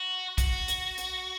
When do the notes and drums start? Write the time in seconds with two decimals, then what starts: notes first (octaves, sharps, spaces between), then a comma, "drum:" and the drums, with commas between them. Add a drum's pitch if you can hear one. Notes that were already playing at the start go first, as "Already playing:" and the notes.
Already playing: F#4
0.38 F#4, drum: kick, hi-hat
0.68 drum: hi-hat
0.98 drum: hi-hat